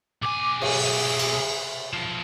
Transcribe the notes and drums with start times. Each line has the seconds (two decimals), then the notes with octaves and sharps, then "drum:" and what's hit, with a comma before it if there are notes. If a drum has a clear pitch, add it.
0.22 B1 G#5 D6
0.61 G#4 E5, drum: cymbal
1.19 drum: cymbal
1.93 B1 F3